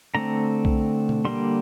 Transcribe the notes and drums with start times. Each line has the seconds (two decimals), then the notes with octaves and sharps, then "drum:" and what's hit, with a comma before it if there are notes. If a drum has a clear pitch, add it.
0.15 D3 A3 C4 A#5
0.65 drum: kick B1
1.09 drum: tom B2
1.25 D3 G3 A#3 C6